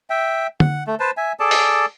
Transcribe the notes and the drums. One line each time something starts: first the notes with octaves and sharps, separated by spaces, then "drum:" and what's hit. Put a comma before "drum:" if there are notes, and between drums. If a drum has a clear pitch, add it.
E5 G5
F#5, drum: tom D3
A3
B4 C5 A5
E5 G#5
G#4 A4 D5 A5
drum: open hi-hat